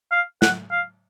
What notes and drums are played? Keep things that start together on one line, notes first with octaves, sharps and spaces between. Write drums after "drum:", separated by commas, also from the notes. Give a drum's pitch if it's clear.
F5
F#5, drum: snare
F5